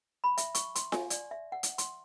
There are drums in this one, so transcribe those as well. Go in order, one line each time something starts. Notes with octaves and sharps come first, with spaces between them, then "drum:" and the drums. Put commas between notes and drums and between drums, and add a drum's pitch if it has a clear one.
B5
E5, drum: hi-hat
C#6, drum: hi-hat
C6, drum: hi-hat
G#5, drum: snare F4
D5, drum: hi-hat
E5
F#5
drum: hi-hat
C6, drum: hi-hat